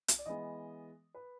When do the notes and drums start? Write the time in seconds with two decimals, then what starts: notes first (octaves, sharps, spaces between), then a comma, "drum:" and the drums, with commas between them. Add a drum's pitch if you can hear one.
0.08 drum: hi-hat
0.19 D5
0.26 E3 G#3 B3 D#5
1.14 B4